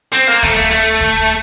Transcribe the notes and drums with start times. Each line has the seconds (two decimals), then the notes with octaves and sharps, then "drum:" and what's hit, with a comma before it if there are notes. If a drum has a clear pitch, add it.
0.13 C4
0.28 A#3
0.43 A3, drum: kick D2
0.56 A3
0.71 A3
1.01 drum: kick D2